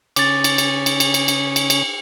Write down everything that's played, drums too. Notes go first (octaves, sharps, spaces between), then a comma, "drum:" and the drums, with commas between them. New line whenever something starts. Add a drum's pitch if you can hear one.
C#3 C#4 D6 A6, drum: cymbal
drum: cymbal
drum: cymbal
drum: cymbal
drum: cymbal
drum: cymbal
drum: cymbal
drum: cymbal
drum: cymbal